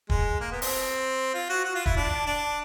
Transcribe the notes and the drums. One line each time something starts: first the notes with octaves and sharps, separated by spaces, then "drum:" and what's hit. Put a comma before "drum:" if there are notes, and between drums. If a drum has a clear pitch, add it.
G#3, drum: kick
A#3
B3
C4, drum: open hi-hat
F4
F#4
F#4
F4
E4, drum: kick
D4
D4